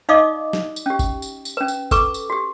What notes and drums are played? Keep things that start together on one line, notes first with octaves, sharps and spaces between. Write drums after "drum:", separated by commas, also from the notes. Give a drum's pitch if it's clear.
D#4 D5 D#5 F5 D6 D#6
drum: snare
drum: tambourine
C#4 G4
drum: kick, tambourine
drum: tambourine
drum: tambourine
C#4 B4
drum: tambourine
A4 B4 C#6 D6, drum: kick, tambourine
drum: tambourine
F#4 G4